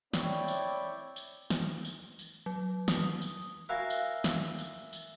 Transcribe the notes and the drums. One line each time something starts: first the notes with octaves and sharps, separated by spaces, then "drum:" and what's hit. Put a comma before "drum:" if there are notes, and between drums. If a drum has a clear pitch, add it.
C4 E4 C#5 D5 G5, drum: snare
drum: tambourine
drum: tambourine
drum: snare
drum: tambourine
drum: tambourine
F#3
D#6, drum: snare
drum: tambourine
E4 F#4 A#4 F5 G#5
drum: tambourine
drum: snare
drum: tambourine
drum: tambourine